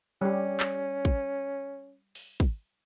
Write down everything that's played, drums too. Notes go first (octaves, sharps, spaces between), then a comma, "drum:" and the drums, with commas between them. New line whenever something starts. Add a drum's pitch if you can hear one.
G3 C#4 G4
drum: clap
drum: kick
drum: open hi-hat
drum: kick